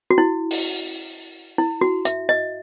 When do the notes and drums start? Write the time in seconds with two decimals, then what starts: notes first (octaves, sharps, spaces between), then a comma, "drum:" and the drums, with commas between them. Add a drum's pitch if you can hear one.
0.11 F#4
0.18 E4
0.51 drum: open hi-hat
1.58 E4
1.81 F#4
2.05 E5, drum: hi-hat
2.29 D#5